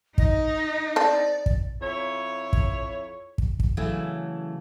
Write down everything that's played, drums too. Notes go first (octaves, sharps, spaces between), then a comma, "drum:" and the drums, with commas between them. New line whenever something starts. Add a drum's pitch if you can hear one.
D#4 D#5, drum: kick
C4 A4 D5
drum: kick
F2 E4 C#5
drum: kick
drum: kick
drum: kick
C#3 E3 F#3 A3